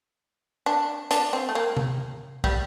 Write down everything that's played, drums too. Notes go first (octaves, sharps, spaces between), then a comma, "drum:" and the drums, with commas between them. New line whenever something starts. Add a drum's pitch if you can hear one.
D4
D4, drum: hi-hat
C4
A3
A#3
drum: tom
G3, drum: kick